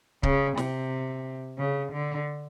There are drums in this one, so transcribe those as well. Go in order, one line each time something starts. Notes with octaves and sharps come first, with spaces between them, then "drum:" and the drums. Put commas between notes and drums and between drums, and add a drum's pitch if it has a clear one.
C#3, drum: kick C#1
C3, drum: snare
C#3
D3